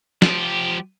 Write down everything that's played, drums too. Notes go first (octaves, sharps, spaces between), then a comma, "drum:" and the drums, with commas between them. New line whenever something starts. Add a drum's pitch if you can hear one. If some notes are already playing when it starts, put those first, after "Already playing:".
F3 G4, drum: snare